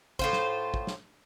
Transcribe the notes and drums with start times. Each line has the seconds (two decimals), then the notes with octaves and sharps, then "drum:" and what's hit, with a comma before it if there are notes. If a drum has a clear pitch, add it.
0.19 A2 F4 C5, drum: kick
0.33 drum: snare
0.74 drum: kick
0.87 drum: snare